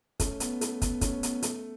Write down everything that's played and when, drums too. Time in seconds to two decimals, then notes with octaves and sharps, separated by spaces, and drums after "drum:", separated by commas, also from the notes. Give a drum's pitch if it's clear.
0.20 A3 C#4, drum: kick, hi-hat
0.40 B3, drum: hi-hat
0.61 A3, drum: hi-hat
0.82 B3, drum: kick, hi-hat
1.01 A3 C#4, drum: kick, hi-hat
1.23 B3, drum: hi-hat
1.43 A3, drum: hi-hat